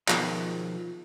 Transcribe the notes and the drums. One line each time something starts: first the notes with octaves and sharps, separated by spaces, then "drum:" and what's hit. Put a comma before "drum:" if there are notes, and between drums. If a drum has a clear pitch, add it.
B2 D#3 F3 G#3, drum: clap